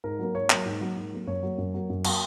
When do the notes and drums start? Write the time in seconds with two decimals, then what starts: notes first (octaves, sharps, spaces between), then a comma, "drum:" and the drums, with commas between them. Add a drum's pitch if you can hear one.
0.04 G#2 A#4
0.19 F#3 A#3
0.35 G#2 C#5
0.50 F#3 A#3 A#4, drum: clap
0.65 G#2
0.81 F#3 A#3
0.97 G#2
1.12 F#3 A#3
1.27 F#2 C#5
1.43 F#3 A#3
1.58 F#2
1.74 F#3 A#3
1.90 F#2
2.05 F#3 A#3, drum: cymbal